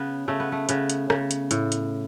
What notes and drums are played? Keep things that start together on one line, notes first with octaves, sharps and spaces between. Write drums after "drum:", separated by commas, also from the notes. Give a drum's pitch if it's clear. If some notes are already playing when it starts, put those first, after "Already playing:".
Already playing: C#3 B3
C#3 A3
B3
A3
C#3 B3, drum: hi-hat
drum: hi-hat
C#3, drum: rim click
drum: hi-hat
A2, drum: hi-hat
drum: hi-hat